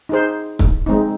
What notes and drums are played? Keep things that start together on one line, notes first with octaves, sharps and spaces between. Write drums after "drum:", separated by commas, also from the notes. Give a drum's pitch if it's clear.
D#4 G#4 C5
drum: kick
G#3 C4 D#4